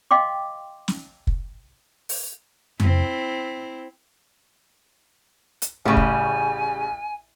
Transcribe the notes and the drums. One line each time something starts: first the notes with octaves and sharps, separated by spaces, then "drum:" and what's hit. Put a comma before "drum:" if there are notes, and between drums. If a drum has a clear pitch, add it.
D#5 F5 G5 C6 D6
drum: snare
drum: kick
drum: open hi-hat
C4 E4, drum: tom F2
drum: hi-hat
A1 C#3 G3 G#5
drum: kick